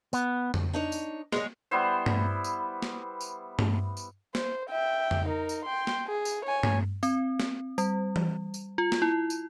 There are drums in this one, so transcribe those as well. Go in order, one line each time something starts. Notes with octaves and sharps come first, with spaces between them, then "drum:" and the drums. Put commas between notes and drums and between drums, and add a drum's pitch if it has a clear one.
B3, drum: tambourine
drum: tom F2
D4 D#4 C#5
drum: tambourine
F#2 G#3 C#5, drum: snare A#3
G3 B3 E4 C5
drum: tom G2
drum: tambourine
drum: snare A#3
drum: tambourine
drum: tom G2
drum: tambourine
C5, drum: snare A#3
E5 G5
drum: tom F2
D#4 A#4
drum: tambourine
G5 C6
drum: snare A#3
G#4
drum: tambourine
C#5 G#5
drum: tom G2
C4, drum: tambourine
drum: snare A#3
G3, drum: tambourine
drum: tom E3
drum: tambourine
F4
drum: snare A#3
E4
drum: tambourine